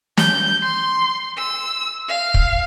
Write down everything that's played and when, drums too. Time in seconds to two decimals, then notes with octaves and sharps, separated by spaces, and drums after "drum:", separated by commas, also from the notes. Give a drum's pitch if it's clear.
0.17 G6, drum: snare
0.62 C6
1.38 E6
2.09 F5
2.34 drum: kick